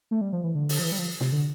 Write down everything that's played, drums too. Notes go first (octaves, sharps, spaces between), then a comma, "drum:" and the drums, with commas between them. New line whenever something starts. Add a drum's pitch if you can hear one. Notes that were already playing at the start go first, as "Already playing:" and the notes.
A3
G3
F3
E3
D3
D3, drum: open hi-hat
F3
E3
G3
F3
C3, drum: snare
D3